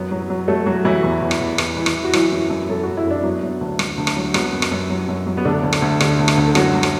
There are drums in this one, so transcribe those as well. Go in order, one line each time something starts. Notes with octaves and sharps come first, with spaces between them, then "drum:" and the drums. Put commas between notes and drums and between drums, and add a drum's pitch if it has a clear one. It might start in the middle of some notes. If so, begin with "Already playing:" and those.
Already playing: F#2 F#3 B3
F#3
F#3
F#3 A3 A4
F#3 F#4
E3 F#3 E4
E2
E2
drum: rim click
E2
E2, drum: rim click
E3
drum: rim click
E3
F#4
E3 F#3 E4, drum: rim click
F#2
F#2
F#3 A4
F#3 F#4
E4
F#2 D4
F#3 B3
F#3
D2
F#3, drum: rim click
D2
drum: rim click
F#3
F#3 B3, drum: rim click
F#2
drum: rim click
F#2
F#3
F#2
F#3
B3
D2 D3 D4
D2
drum: rim click
D2
D3, drum: rim click
D2
drum: rim click
D2
A4
F#2 F#3 F#4, drum: rim click
F#3
drum: rim click